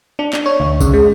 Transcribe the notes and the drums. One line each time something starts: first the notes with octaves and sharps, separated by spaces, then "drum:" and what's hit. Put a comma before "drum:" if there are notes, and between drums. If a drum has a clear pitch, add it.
D4
D4, drum: clap
C#5
D2
C#3, drum: kick B1, tambourine
G#3